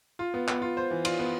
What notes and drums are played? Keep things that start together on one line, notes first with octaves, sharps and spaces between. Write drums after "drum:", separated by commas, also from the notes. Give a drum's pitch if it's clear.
F4
B3
B3, drum: clap
F4
C5
E3
F4, drum: cymbal
B3